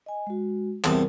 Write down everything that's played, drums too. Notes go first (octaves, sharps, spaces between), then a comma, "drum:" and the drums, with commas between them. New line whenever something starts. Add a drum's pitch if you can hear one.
D#5 G#5
G#3 F#4
E2 C3 G3 A#4 A5, drum: clap